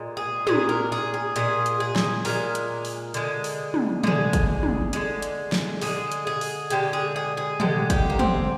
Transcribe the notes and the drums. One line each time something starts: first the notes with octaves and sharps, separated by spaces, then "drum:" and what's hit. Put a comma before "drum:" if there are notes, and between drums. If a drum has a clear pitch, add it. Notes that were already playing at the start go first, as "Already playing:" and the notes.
Already playing: A#2 G#3
G#4
A#2 G#3 G#4, drum: tom
A#4
G#4
G#4
A#2 G#3 G#4, drum: hi-hat
drum: hi-hat
G#4
drum: snare
A#2 G#3 A#4, drum: open hi-hat
drum: hi-hat
drum: open hi-hat
D3 G#3, drum: hi-hat
drum: open hi-hat
drum: tom
D3 G#3 G#4, drum: tom
drum: kick, hi-hat
drum: tom
D3 G#3, drum: hi-hat
drum: hi-hat
drum: snare
D3 G#3 G#4, drum: open hi-hat
drum: hi-hat
G#4
drum: open hi-hat
D3 G#3 G4, drum: hi-hat
G#4
G#4
G#4
D3 G#3 G4, drum: tom
G4, drum: kick, hi-hat
A#3
C4, drum: tom